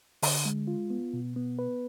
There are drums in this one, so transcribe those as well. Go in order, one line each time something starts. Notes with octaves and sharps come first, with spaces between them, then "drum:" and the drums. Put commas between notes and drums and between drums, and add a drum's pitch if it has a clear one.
D3, drum: open hi-hat
G#3
F4
B3
B2
B3
B4